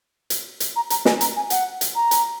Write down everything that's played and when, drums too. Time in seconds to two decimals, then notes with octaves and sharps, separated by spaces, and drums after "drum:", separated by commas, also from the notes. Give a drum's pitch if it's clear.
0.30 drum: hi-hat
0.60 drum: hi-hat
0.76 A#5
0.90 A#5, drum: hi-hat
1.05 G#5, drum: snare
1.21 A#5, drum: hi-hat
1.36 G#5
1.50 F#5, drum: hi-hat
1.81 drum: hi-hat
1.96 A#5
2.11 drum: hi-hat